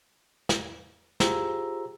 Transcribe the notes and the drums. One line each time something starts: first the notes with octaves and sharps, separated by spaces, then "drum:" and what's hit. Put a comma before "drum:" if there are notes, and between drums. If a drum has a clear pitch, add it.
drum: snare
F4 G4 G#4 C5 A#5 E6, drum: snare